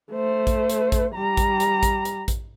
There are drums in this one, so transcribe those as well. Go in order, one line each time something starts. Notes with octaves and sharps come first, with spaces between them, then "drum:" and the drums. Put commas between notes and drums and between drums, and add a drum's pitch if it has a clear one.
A3 C5
drum: kick A1, hi-hat
drum: hi-hat
drum: kick A1, hi-hat
G3 A#5
drum: kick A1, hi-hat
drum: hi-hat
drum: kick A1, hi-hat
drum: hi-hat
drum: kick A1, hi-hat